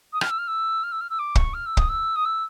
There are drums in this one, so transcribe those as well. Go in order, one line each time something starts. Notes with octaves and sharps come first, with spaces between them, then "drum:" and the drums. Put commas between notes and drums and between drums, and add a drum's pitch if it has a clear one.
D#6
F6, drum: rim click
E6
F6
E6
F6
E6
F6
E6
D6
C#6, drum: kick
F6
E6
D#6, drum: kick
E6
D#6
E6